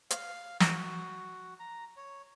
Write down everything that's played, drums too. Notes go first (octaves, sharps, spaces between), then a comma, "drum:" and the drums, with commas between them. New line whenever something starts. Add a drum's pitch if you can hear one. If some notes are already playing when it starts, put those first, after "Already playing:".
F5, drum: hi-hat
F#4, drum: snare
A#5
C#5